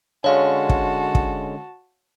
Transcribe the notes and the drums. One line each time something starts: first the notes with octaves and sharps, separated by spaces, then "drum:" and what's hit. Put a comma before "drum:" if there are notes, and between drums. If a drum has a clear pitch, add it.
D3 G#3 C#4 F#4 C#5 F5 A5
drum: kick
drum: kick